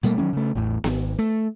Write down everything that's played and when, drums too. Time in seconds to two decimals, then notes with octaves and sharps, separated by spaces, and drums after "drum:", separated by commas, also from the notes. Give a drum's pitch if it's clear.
0.03 B2 G3 A3 A#3, drum: hi-hat
0.18 D#3 F#3 G#3 C#4
0.33 C#3 A3
0.55 A1 E2 A2
0.84 G#1, drum: snare B3
1.19 A3